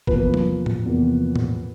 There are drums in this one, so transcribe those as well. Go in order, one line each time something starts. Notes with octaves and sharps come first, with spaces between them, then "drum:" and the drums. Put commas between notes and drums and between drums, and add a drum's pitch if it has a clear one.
E2 C3 F3 A#3 B4, drum: kick
drum: tom F#3
drum: tom A2
E2 C3 F3 A#3
drum: tom A2